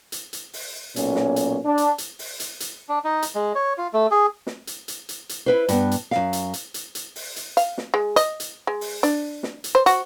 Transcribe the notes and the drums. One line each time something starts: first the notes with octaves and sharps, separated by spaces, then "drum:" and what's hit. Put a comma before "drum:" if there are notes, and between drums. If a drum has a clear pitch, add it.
drum: hi-hat
drum: hi-hat
drum: open hi-hat
B1 A#2 C#4, drum: hi-hat
drum: snare
drum: hi-hat
D4
drum: hi-hat
drum: hi-hat
drum: open hi-hat
drum: hi-hat
drum: hi-hat
D4
D#4
drum: hi-hat
G#3
C#5
F4
A3
G#4
drum: snare
drum: hi-hat
drum: hi-hat
drum: hi-hat
drum: hi-hat
E4 B4 C5
G2 B3, drum: hi-hat
drum: hi-hat
F#2 F5, drum: snare
drum: hi-hat
drum: hi-hat
drum: hi-hat
drum: hi-hat
drum: open hi-hat
drum: hi-hat
F5, drum: hi-hat
drum: snare
G#3
D#5, drum: hi-hat
drum: hi-hat
G#3
drum: open hi-hat
D4, drum: hi-hat
drum: snare
drum: hi-hat
C5
F#4, drum: hi-hat